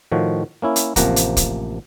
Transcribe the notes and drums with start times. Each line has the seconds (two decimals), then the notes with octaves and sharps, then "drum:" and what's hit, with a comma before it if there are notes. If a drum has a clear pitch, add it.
0.12 A2 D#3 F3 F#4
0.62 A#3 C#4 E4
0.76 drum: hi-hat
0.96 A1 C3 F3 A#3 F#5 A#5, drum: kick, hi-hat
1.16 drum: hi-hat
1.37 drum: kick, hi-hat